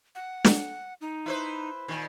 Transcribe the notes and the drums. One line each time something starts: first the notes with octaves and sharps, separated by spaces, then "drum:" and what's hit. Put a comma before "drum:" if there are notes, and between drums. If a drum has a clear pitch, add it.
F#5
drum: snare
D#4
E4 B4 C5
A#2 D#3